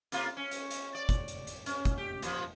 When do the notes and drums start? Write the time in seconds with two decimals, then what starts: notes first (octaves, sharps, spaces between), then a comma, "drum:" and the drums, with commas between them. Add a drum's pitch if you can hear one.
0.12 C3 A#3 F4, drum: hi-hat
0.37 C#4
0.51 drum: hi-hat
0.71 drum: hi-hat
0.95 D5
1.09 drum: kick, hi-hat
1.28 drum: hi-hat
1.47 drum: hi-hat
1.66 C#4, drum: hi-hat
1.85 drum: kick, hi-hat
1.98 G4
2.22 A#2 F3, drum: hi-hat